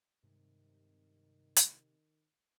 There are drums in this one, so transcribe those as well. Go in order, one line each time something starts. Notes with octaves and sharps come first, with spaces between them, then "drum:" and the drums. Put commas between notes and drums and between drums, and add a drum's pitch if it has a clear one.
G2 C3 D#3 G#3
drum: hi-hat